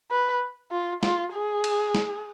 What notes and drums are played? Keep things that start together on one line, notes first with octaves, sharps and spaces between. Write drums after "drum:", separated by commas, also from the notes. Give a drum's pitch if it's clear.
B4
F4
F4, drum: snare
G#4
drum: cymbal
drum: snare